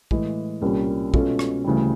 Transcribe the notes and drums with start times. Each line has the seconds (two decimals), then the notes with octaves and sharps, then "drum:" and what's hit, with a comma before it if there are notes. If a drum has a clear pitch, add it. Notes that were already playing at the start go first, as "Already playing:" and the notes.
0.11 A2 E3 G#3, drum: kick
0.62 C2 A#2 G3 A#3 C#4
1.14 B2 G#3 C#4 F4 A4, drum: kick
1.39 drum: rim click
1.64 D2 C#3 E3 G3